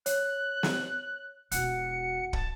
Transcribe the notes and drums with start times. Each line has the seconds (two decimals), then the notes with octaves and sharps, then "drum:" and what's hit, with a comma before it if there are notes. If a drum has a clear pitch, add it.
0.06 C#5 F#6, drum: hi-hat
0.63 drum: snare
1.52 E1 E4 F#4 F#5 F#6 C#7, drum: hi-hat
2.33 A5, drum: kick